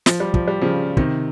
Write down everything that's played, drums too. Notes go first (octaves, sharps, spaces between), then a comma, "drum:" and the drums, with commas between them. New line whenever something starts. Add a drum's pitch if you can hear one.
F3, drum: snare
G3
F3, drum: kick
G3
C#3 F3
C3 D#3, drum: kick